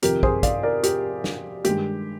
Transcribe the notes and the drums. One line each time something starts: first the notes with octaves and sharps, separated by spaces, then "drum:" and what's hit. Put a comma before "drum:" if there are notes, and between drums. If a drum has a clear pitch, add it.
F2 C3 D#3 G4 A#4, drum: hi-hat
G#4 C5, drum: kick
D5 F5, drum: kick, hi-hat
A#4 D5
G4 A#4, drum: hi-hat
drum: snare
G2 D#3 G#3 G4, drum: hi-hat